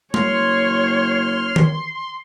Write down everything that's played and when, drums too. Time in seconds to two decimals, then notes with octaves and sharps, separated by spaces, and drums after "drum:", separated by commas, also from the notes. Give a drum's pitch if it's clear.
0.14 F#1 C#5 C6 F6, drum: tom G#3
1.56 drum: tom D#3